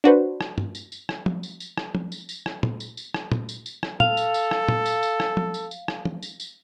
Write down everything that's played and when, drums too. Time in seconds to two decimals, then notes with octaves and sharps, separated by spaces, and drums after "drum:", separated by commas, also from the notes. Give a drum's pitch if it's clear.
0.04 D4 F#4 B4 C5
0.41 drum: rim click
0.58 drum: tom
0.75 drum: tambourine
0.92 drum: tambourine
1.09 drum: rim click
1.26 drum: tom
1.43 drum: tambourine
1.60 drum: tambourine
1.77 drum: rim click
1.95 drum: tom
2.12 drum: tambourine
2.29 drum: tambourine
2.46 drum: rim click
2.63 drum: tom A#2
2.80 drum: tambourine
2.97 drum: tambourine
3.14 drum: rim click
3.32 drum: tom A#2
3.49 drum: tambourine
3.66 drum: tambourine
3.83 drum: rim click
4.00 A4 F5, drum: tom A#2
4.17 drum: tambourine
4.34 drum: tambourine
4.51 drum: rim click
4.68 drum: tom A#2
4.86 drum: tambourine
5.03 drum: tambourine
5.20 drum: rim click
5.37 drum: tom
5.54 drum: tambourine
5.71 drum: tambourine
5.88 drum: rim click
6.05 drum: tom
6.23 drum: tambourine
6.40 drum: tambourine